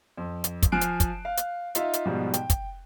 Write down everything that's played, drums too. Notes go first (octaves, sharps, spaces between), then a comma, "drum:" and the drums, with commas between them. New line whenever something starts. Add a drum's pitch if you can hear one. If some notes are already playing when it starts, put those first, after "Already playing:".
F2
drum: hi-hat
drum: kick, hi-hat
F3 G#5 F6 F#6 C7 D7
drum: hi-hat
drum: kick, hi-hat
F5
drum: hi-hat
D#4 F4 E5 F5, drum: hi-hat
drum: hi-hat
G#2 B2 F3 G3
G5, drum: hi-hat
drum: kick, hi-hat